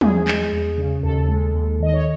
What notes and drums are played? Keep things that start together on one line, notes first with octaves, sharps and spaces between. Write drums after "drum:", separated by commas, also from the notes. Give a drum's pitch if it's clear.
E2 G#4, drum: tom
G#3, drum: clap
E2
C#3
D#2 A4
G#3
D#2
D#3 D#5
C#5